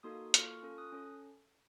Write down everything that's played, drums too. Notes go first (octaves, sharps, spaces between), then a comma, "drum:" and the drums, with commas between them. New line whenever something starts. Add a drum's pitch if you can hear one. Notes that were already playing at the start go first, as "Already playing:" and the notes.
A#3 D#4 F#4 A4 C6 D#6
A#3 F4 A4 C#6 F6, drum: hi-hat
C#6 F6
C#4 F4 A4
D#6 F#6
C#4 A4